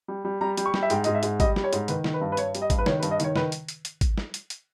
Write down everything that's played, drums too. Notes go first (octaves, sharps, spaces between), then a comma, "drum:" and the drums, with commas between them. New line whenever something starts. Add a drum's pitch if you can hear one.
G3
G3
G3 A#5
G3, drum: hi-hat
C#6
G3, drum: snare
E5
G#2 G5, drum: hi-hat
G#2 D#5, drum: hi-hat
E5
G#2, drum: hi-hat
G3 D#5, drum: kick G#1, hi-hat
G3, drum: snare
C#5
G#2, drum: hi-hat
D#3 B4, drum: hi-hat
D#3, drum: snare
B4
G2
B4
G2 C#5, drum: hi-hat
G3, drum: hi-hat
D#5
G2, drum: kick G#1, hi-hat
B4
D#3 C#5, drum: snare
B4
G2, drum: hi-hat
D#5
D#3 C#5, drum: hi-hat
D#3 B4, drum: snare
drum: hi-hat
drum: hi-hat
drum: hi-hat
drum: kick G#1, hi-hat
drum: snare
drum: hi-hat
drum: hi-hat